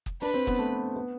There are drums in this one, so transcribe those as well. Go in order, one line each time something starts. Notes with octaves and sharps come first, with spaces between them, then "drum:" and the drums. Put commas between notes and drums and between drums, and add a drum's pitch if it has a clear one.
drum: kick
D4 B4
C4
B3, drum: kick
A3
B3